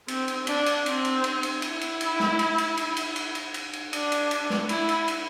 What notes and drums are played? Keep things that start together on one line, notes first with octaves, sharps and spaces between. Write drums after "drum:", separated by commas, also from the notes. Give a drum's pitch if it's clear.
C4, drum: cymbal
drum: cymbal
D4, drum: cymbal
drum: cymbal
C4, drum: cymbal
drum: cymbal
drum: cymbal
drum: cymbal
E4, drum: cymbal
drum: cymbal
drum: cymbal
drum: snare
drum: cymbal
drum: cymbal
drum: cymbal
drum: cymbal
drum: cymbal
drum: cymbal
drum: cymbal
drum: cymbal
D4, drum: cymbal
drum: cymbal
drum: cymbal
drum: snare
E4, drum: cymbal
drum: cymbal
drum: cymbal